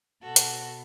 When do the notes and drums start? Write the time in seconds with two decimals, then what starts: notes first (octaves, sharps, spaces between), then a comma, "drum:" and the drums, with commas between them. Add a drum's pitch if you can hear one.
0.22 B2 F#4 A4
0.36 drum: hi-hat